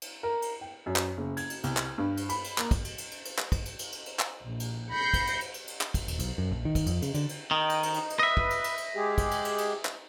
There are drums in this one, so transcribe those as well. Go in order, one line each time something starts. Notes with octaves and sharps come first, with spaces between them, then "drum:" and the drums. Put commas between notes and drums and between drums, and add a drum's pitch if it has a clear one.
drum: cymbal
A#4
drum: cymbal
G5
F#2
drum: clap
F#1
G#6, drum: cymbal
drum: cymbal
C2, drum: cymbal
drum: clap
G2
drum: cymbal
B5, drum: cymbal
drum: cymbal
A#3, drum: clap
drum: kick, cymbal
drum: cymbal
drum: cymbal
drum: cymbal
drum: cymbal
drum: clap
drum: kick, cymbal
drum: cymbal
drum: cymbal
drum: cymbal
drum: cymbal
drum: clap
A#1
drum: cymbal
B5 G6 A#6 C7 C#7
drum: kick, cymbal
drum: cymbal
drum: cymbal
drum: cymbal
drum: cymbal
drum: clap
drum: kick, cymbal
D#1, drum: cymbal
B1, drum: cymbal
F#2
A#1
D#3
drum: kick, cymbal
F2, drum: cymbal
C#3, drum: cymbal
D3, drum: cymbal
drum: cymbal
D#3 D#5 G5 D#6
drum: cymbal
drum: cymbal
D#4, drum: cymbal
drum: cymbal
B4 D#5 E5 B5
drum: kick
drum: cymbal
drum: cymbal
drum: cymbal
G#3 G4 G#4
drum: kick, cymbal
drum: cymbal
drum: cymbal
drum: cymbal
drum: clap